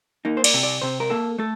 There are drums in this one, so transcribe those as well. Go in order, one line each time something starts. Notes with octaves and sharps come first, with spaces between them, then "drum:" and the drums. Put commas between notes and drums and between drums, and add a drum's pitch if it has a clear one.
A#3 D#4
C5
D5, drum: cymbal
C3
D5
C3 C5
A#4
A#3 A4
A3 A4